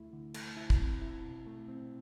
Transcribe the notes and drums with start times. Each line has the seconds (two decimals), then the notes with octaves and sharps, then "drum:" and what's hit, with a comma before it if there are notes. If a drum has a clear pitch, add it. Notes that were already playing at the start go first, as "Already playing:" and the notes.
Already playing: D2 A3 E4
0.13 D3
0.34 A3, drum: cymbal
0.57 E4
0.70 drum: kick
0.79 C4
1.02 E4
1.24 B2
1.46 A3
1.69 C4